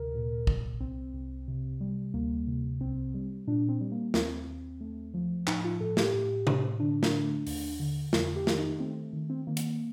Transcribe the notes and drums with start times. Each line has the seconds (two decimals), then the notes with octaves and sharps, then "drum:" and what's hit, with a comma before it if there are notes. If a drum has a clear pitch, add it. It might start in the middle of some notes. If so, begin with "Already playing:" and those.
Already playing: D2 C3 A#4
0.15 A#2
0.47 C2, drum: kick A#1
0.80 C2 C4
1.14 C2
1.48 C3
1.81 G3
2.13 D2 A#3
2.47 C3
2.81 C2 C4
3.14 G3
3.47 A#2 D4
3.69 C4
3.81 G3
3.91 A#3
4.14 D#2 C4, drum: snare
4.47 D#2
4.81 A3
5.14 F3
5.47 A2 D#4, drum: clap
5.64 F4
5.80 A2 A4
5.97 G4, drum: snare
6.14 A2
6.47 A2, drum: tom C3
6.80 D3 D4
7.03 drum: snare
7.14 A3
7.47 D#2, drum: open hi-hat
7.80 D3
8.13 F2 F4, drum: snare
8.36 G4
8.47 D#3, drum: snare
8.58 D#4
8.80 A3 C4
9.13 D#3
9.30 C4
9.47 D#3 A#3
9.57 drum: hi-hat